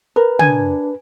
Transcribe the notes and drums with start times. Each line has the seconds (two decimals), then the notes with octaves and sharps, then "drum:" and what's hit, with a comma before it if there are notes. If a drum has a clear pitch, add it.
0.16 A#4 B4
0.39 D4 G#5, drum: tom